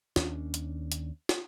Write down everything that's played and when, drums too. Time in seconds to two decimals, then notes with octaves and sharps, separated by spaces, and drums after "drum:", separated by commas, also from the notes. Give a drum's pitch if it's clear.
0.16 D#2 C#4 D4, drum: snare
0.54 drum: hi-hat
0.92 drum: hi-hat
1.29 drum: snare